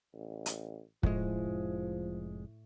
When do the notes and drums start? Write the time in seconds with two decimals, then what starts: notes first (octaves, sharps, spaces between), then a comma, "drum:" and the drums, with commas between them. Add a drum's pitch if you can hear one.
0.14 A1
0.46 drum: hi-hat
1.03 F1 A2 F3 G#3, drum: kick